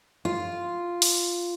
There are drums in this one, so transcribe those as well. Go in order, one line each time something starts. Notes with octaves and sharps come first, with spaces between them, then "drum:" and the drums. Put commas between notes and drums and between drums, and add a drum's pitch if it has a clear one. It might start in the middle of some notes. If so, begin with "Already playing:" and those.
F4
drum: open hi-hat